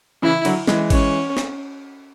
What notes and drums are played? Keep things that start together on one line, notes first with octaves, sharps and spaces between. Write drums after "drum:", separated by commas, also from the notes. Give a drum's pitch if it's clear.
C#3 E3 E4
D3 F#3, drum: cymbal
E3 G#3, drum: snare C#4
C#4, drum: kick G#1, cymbal
drum: snare C#4